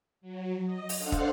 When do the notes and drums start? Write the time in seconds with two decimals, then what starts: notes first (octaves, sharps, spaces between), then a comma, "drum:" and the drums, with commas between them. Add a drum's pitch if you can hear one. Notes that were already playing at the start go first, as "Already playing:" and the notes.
0.21 F#3
0.66 D#5
0.89 drum: open hi-hat
0.98 D4 A4 C5 F5 F#5
1.12 drum: kick